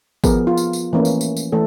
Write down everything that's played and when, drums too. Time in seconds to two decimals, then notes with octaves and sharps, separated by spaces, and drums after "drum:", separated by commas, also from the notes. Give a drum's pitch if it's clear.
0.24 F3 B3 G#4 A#4, drum: kick G#1, tambourine
0.47 F4
0.57 drum: tambourine
0.73 drum: tambourine
0.93 E3 A3 A#3 C#4
1.05 drum: tambourine
1.21 drum: tambourine
1.37 drum: tambourine
1.52 E3 A3 A4